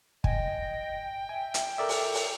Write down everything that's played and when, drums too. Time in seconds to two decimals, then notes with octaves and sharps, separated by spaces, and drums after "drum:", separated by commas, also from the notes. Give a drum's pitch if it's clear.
0.24 D#5 G5 G#5, drum: kick
1.29 E5 G#5
1.54 drum: hi-hat
1.78 A4 A#4 D5 E5
1.89 drum: open hi-hat
2.14 drum: open hi-hat